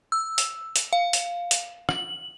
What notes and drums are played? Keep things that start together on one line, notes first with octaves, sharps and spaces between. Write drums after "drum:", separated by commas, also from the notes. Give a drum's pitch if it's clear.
E6
drum: hi-hat
drum: hi-hat
F5
drum: hi-hat
drum: hi-hat
F#7, drum: rim click